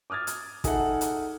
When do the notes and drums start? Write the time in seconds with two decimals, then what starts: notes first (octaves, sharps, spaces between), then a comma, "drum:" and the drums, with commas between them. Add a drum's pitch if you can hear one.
0.10 D6 D#6 F6 G#6 A6
0.27 drum: hi-hat
0.64 D#4 G#4 A4 E5 F#5, drum: kick, hi-hat
1.01 drum: hi-hat